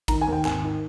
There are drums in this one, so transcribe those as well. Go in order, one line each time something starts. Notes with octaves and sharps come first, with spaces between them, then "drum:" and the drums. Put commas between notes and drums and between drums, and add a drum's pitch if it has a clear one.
D#3 A#5, drum: kick, cymbal
G#5
D#2
G5
G#1 G#5, drum: clap
D#3